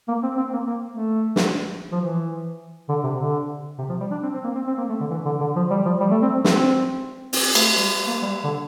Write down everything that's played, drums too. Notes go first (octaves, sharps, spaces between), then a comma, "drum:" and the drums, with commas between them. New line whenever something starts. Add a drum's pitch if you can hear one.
A#3
C4
C4
A#3
A#3
A3
drum: snare
F3
E3
D3
C3
D3
C3
F3
G3
D4
C4
C4
A#3
C4
C4
A#3
A3
D3
E3
D3
D3
F3
G3
F3
G3
A3
C4
C4, drum: snare
C4, drum: open hi-hat
A3, drum: cymbal
G3
A#3
G3
D3